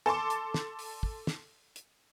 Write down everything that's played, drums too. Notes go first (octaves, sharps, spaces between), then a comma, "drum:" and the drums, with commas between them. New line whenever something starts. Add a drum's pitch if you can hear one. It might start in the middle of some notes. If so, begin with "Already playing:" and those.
A4 A5 C6 D6
drum: hi-hat
drum: snare
drum: open hi-hat
drum: kick
drum: snare
drum: hi-hat